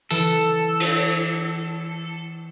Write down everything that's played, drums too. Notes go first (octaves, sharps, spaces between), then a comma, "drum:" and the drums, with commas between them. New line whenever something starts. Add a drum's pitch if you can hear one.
E3 A4, drum: tambourine
drum: cymbal